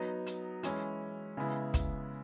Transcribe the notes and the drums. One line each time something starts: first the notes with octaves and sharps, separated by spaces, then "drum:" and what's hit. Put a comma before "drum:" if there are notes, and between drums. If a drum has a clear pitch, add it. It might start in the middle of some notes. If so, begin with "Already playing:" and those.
Already playing: F#3 B3 D#4
drum: hi-hat
E3 G#3 C#4 E4, drum: hi-hat
C#3 G#3 B3 E4
drum: kick, hi-hat